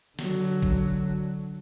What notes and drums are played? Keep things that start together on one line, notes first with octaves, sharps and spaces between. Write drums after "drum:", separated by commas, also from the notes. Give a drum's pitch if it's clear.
D3 F#3, drum: snare
drum: kick G#1